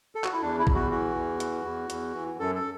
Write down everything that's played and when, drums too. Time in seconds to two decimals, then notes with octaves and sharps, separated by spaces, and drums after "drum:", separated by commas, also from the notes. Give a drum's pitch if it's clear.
0.15 A4
0.24 F#4, drum: clap
0.33 E4
0.42 E2 D4
0.59 E4
0.67 E2, drum: kick
0.74 F#4
0.91 E3 F#4
1.16 E2
1.40 E3, drum: hi-hat
1.65 E2
1.90 E2, drum: hi-hat
2.14 E3
2.39 F#2 A4
2.55 A4